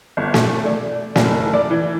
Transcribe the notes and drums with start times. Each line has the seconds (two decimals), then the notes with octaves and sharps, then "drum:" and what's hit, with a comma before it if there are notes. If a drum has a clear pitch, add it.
0.17 G1
0.34 A3, drum: snare
0.65 D5
1.16 F#1, drum: snare
1.53 D5
1.70 E3